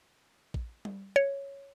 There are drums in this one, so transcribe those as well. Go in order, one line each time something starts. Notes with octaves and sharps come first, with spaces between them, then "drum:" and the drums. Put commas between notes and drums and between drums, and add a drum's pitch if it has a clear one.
drum: kick A#1
drum: tom G3
C#5